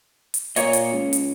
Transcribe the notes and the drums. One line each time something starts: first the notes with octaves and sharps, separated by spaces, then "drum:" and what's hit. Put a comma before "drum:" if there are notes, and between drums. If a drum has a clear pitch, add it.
drum: hi-hat
A#2 C#5 D#5, drum: hi-hat
drum: hi-hat
C#2
drum: hi-hat